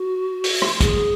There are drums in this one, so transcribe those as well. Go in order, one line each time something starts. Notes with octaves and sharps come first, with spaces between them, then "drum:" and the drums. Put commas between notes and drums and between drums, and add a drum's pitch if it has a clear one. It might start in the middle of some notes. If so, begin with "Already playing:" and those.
Already playing: F#4
drum: open hi-hat
drum: rim click
G#4, drum: kick, hi-hat